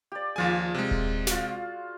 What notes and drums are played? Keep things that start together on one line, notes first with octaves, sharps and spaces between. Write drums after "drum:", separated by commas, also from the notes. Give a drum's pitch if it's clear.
G4 D5
D#2 F3 F4 G#4 G#5
C3 G#3
drum: kick D#1
F4 F#4, drum: snare